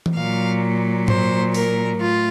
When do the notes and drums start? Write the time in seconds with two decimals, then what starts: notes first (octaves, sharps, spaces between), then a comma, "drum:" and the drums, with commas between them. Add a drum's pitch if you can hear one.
0.06 drum: tom E3
0.16 A#2 F#3 F5
1.08 C5, drum: tom G#2
1.54 A#4, drum: open hi-hat
2.00 A2 F4